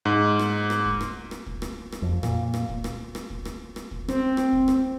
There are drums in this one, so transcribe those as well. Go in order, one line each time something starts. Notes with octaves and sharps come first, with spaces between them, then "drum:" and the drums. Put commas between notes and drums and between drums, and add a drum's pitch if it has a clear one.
G#2
drum: rim click
drum: rim click
drum: kick
drum: rim click
drum: rim click
drum: kick
drum: rim click
drum: rim click
F2
A#2, drum: rim click
drum: rim click
drum: kick
drum: rim click
drum: rim click
drum: kick
drum: rim click
drum: rim click
drum: kick
C4, drum: rim click
drum: rim click
drum: kick
drum: rim click